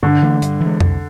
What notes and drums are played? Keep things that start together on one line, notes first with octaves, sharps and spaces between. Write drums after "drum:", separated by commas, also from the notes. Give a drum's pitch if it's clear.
G2 D3
E3 A3 D4
G2, drum: hi-hat
E3
G#3
C2, drum: tom F2